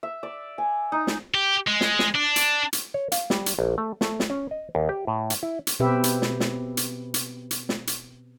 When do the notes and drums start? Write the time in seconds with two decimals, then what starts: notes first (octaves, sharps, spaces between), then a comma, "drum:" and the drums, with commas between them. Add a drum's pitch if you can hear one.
0.03 E5
0.23 D5
0.58 G#5
0.92 D#4
1.07 drum: snare
1.34 G4
1.67 G#3
1.81 drum: snare
1.99 drum: snare
2.15 D4
2.36 drum: hi-hat
2.73 drum: hi-hat
2.94 C#5
3.12 F5, drum: hi-hat
3.30 G3, drum: snare
3.46 drum: hi-hat
3.59 A#1
3.78 A3
4.01 A3, drum: snare
4.20 drum: snare
4.30 C#4
4.51 D#5
4.75 D#2
4.89 G4
5.07 A2
5.30 drum: hi-hat
5.43 E4
5.67 drum: hi-hat
5.80 B2 C4 G4 B4 E5
6.04 drum: hi-hat
6.22 drum: snare
6.40 drum: snare
6.77 drum: hi-hat
7.14 drum: hi-hat
7.51 drum: hi-hat
7.69 drum: snare
7.87 drum: hi-hat